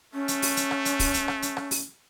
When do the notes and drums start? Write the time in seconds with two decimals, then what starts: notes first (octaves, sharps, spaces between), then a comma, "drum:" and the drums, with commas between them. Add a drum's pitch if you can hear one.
0.14 A3 C#4
0.28 drum: hi-hat
0.42 drum: open hi-hat
0.57 drum: hi-hat
0.71 drum: rim click
0.85 drum: hi-hat
0.99 drum: kick, open hi-hat
1.14 drum: hi-hat
1.28 drum: rim click
1.42 drum: hi-hat
1.57 drum: rim click
1.71 drum: open hi-hat